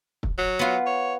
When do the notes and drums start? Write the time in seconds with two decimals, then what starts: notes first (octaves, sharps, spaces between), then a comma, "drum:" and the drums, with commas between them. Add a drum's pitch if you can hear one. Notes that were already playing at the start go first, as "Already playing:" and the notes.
0.23 drum: kick
0.38 F#3
0.59 B3 F4
0.86 C#5